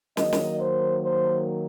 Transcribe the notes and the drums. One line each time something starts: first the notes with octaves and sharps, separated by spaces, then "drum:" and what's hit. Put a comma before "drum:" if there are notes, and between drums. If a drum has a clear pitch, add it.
D#3 F#3 A#3 D#5, drum: snare
drum: snare
C5
C5